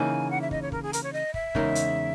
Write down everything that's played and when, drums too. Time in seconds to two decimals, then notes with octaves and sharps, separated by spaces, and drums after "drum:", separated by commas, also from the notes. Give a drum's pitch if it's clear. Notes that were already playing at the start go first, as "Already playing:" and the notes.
Already playing: C#3 E3 A#3 D#4 G#5
0.30 F#5
0.41 E5
0.51 D#5, drum: kick
0.62 C#5
0.72 A#4, drum: kick
0.83 G#4
0.93 A#4, drum: hi-hat
1.03 C#5
1.13 D#5
1.34 E5, drum: kick
1.55 E2 C#3 G#3 D#4 A#4, drum: kick
1.75 drum: hi-hat